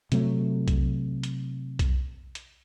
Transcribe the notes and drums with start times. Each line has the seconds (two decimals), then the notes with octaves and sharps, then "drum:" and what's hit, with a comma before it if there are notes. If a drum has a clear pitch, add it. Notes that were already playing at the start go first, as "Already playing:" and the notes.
0.12 C3 F#3 A3, drum: hi-hat
0.68 drum: kick B1, hi-hat
1.23 drum: hi-hat
1.79 drum: kick B1, hi-hat
2.35 drum: hi-hat